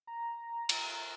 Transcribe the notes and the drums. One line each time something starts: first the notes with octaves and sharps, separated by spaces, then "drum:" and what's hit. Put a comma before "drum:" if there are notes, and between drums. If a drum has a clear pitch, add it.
A#5
drum: cymbal